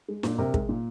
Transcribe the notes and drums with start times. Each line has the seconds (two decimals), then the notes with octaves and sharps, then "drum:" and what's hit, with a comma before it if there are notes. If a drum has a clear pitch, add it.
0.08 G#3
0.23 A#2, drum: snare D4
0.38 C3 A#4
0.54 G#3, drum: kick
0.69 A#2